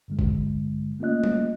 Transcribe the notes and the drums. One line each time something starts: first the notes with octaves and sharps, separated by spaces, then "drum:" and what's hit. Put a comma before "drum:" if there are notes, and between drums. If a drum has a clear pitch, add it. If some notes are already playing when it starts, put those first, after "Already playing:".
G2 D3 G#3
drum: kick
A3 A#3 C#4 F4 D#5 F#6
drum: tom G3